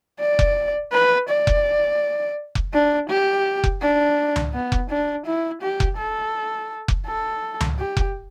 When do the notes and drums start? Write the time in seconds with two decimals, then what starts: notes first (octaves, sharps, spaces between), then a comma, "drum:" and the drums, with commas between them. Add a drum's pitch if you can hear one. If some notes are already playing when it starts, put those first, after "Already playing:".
0.20 D5
0.39 drum: kick F1
0.93 B4
1.29 D5
1.47 drum: kick F1
2.55 drum: kick F1
2.74 D4
3.10 G4
3.64 drum: kick F1
3.81 D4
4.36 drum: tom C#2
4.54 B3
4.72 drum: kick F1
4.90 D4
5.26 E4
5.62 G4
5.80 drum: kick F1
5.98 A4
6.88 drum: kick F1
7.06 A4
7.60 drum: tom C#2
7.79 G4
7.97 drum: kick F1